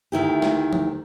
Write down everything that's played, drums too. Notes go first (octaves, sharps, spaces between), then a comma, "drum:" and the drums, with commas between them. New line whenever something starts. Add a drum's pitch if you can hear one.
D2 D#3 E4 G4
drum: snare
drum: tom